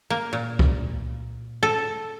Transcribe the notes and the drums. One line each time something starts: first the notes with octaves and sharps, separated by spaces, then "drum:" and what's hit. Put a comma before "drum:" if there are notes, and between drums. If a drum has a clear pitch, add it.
A#3
A#2
drum: kick C#2
A4